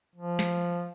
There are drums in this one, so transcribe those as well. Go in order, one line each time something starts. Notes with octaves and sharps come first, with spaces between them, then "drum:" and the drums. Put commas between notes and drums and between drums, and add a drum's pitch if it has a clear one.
F3
drum: snare